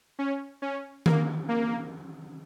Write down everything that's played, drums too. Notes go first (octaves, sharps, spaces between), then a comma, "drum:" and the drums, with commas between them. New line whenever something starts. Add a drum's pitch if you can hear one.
C#4
C#4
A#3, drum: tom D#3
A#3